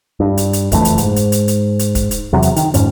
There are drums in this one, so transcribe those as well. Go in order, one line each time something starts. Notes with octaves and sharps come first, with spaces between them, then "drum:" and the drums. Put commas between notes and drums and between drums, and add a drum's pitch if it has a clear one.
G2
drum: hi-hat
drum: hi-hat
F#1 F2 E3 A3, drum: kick, hi-hat
drum: hi-hat
G#2, drum: hi-hat
drum: hi-hat
drum: hi-hat
drum: hi-hat
drum: hi-hat
drum: kick, hi-hat
drum: hi-hat
E2 C3 F#3
drum: hi-hat
D#3, drum: hi-hat
F2 G#2 C#4, drum: hi-hat